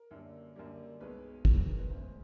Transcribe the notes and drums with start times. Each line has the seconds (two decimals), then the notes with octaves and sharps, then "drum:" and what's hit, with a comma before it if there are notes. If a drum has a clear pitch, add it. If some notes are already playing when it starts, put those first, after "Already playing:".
Already playing: A#4
0.11 F#2 D3 G3 A#3
0.55 F#2 D3 G3 A#3
1.00 B1 B2 G#3 B4
1.45 B1 B2 G#3, drum: kick
1.68 A#4
1.79 B4
1.90 E1 D2 C#3 C5